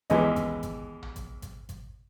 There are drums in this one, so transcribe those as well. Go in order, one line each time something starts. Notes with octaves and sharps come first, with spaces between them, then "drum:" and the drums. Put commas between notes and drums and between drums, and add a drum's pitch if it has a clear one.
D#2 E3 G#3 B3 C#4 D#5, drum: kick G#1, hi-hat
drum: kick G#1, hi-hat
drum: kick G#1, hi-hat
drum: tom A#1
drum: kick G#1, hi-hat
drum: kick G#1, hi-hat
drum: kick G#1, hi-hat